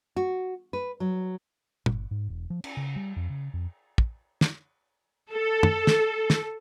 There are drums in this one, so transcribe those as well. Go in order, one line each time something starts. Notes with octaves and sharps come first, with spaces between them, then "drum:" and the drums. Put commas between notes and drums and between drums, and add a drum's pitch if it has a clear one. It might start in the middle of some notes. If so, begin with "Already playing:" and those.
F#4
B4
F#3
G1, drum: tom
G#2
E1
F3
C#4, drum: cymbal
C#3
G3
F2
C#3
F2
drum: kick
drum: snare
A4
drum: tom
drum: snare
drum: snare